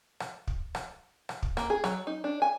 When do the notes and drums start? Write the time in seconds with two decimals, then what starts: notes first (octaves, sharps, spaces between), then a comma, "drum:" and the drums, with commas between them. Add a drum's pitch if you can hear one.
0.20 drum: rim click
0.47 drum: kick
0.75 drum: rim click
1.29 drum: rim click
1.43 drum: kick
1.57 A#3, drum: rim click
1.70 G#4
1.84 F#3, drum: rim click
2.07 D#4
2.24 D4
2.42 G#5